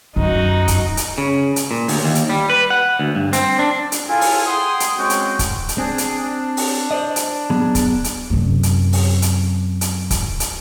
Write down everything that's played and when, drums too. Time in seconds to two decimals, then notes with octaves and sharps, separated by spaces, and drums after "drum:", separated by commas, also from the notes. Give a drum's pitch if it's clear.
0.16 F#2 D#4 F#4
0.68 drum: kick C#1, hi-hat
0.97 drum: hi-hat
1.18 C#3
1.56 drum: hi-hat
1.71 A#2
1.88 D2, drum: open hi-hat
2.04 D#2
2.15 drum: hi-hat
2.30 G3
2.50 B4
2.70 F#5
2.99 D2
3.16 G2
3.33 C4, drum: hi-hat
3.59 D4
3.92 drum: hi-hat
4.08 E4 F4 G#4 A4 G#5
4.21 drum: open hi-hat
4.46 G#4 F#5 G5 C6 D#6
4.80 drum: hi-hat
4.98 G#3 C4 C#4 F#4 G5 C#6
5.10 drum: hi-hat
5.39 drum: kick C#1, hi-hat
5.69 drum: hi-hat
5.78 C4 D4 G#4
5.98 drum: hi-hat
6.22 D4
6.57 drum: open hi-hat
6.91 C5 D5 D#5
7.16 drum: hi-hat
7.50 F#3 B3 G#4
7.75 drum: kick C#1, hi-hat
8.04 drum: hi-hat
8.30 F#2 C3
8.63 drum: hi-hat
8.93 drum: open hi-hat
9.22 drum: hi-hat
9.81 drum: hi-hat
10.11 drum: kick C#1, hi-hat
10.40 drum: hi-hat